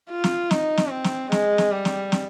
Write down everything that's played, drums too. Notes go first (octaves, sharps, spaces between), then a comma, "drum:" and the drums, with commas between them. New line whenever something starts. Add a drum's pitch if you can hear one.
F4
drum: snare
D#4, drum: snare
drum: snare
C4
drum: snare
G#3, drum: snare
drum: snare
G3
drum: snare
drum: snare